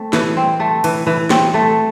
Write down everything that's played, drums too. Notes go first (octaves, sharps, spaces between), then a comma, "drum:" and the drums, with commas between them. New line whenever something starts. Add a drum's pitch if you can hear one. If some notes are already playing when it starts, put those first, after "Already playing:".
Already playing: A3 C4
E3, drum: snare
C4
A3
E3, drum: cymbal
E3
C4, drum: snare
A3